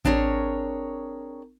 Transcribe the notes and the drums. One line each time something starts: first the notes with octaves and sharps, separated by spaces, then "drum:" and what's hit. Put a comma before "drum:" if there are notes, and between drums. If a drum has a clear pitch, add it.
C4 D4 G#4 A#4 C#5, drum: kick A1